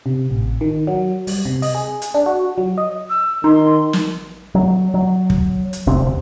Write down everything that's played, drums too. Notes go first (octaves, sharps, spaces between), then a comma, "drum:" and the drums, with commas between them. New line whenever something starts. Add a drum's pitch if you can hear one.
C3
A1
D#3
F#3
G3, drum: open hi-hat
C3
D#5, drum: open hi-hat
G#4
drum: hi-hat
D4
F#4
F#3
D#5
E6
D#3 D#4 C6
drum: snare
F#3
F#3
drum: kick
drum: hi-hat
E1 D2 C3 C4